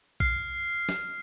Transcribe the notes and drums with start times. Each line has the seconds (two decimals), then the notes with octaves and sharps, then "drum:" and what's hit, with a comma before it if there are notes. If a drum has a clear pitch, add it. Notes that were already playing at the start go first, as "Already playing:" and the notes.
0.20 F6 C7, drum: kick A#1
0.89 drum: snare